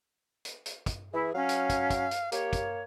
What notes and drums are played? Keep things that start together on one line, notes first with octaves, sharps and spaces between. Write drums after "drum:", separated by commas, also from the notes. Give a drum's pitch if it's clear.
drum: hi-hat
drum: hi-hat
drum: kick, hi-hat
E3 E4 G#4
F#3 C#4 F5
drum: hi-hat
drum: kick, hi-hat
drum: kick, hi-hat
drum: hi-hat
A#3 G4 C#5, drum: hi-hat
drum: kick, hi-hat